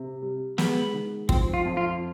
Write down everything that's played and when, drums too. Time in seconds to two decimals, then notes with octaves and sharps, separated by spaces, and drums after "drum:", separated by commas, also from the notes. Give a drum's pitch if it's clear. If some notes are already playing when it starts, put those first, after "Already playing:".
Already playing: C3
0.22 G3
0.58 G#3 B3, drum: snare
0.93 D#3
1.29 F3 C4, drum: kick
1.54 F4
1.65 F2
1.77 F4